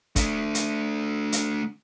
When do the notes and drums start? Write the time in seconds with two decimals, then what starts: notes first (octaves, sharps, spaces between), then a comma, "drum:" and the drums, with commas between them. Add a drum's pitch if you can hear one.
0.16 A3 D4, drum: kick, hi-hat
0.55 drum: hi-hat
1.32 drum: hi-hat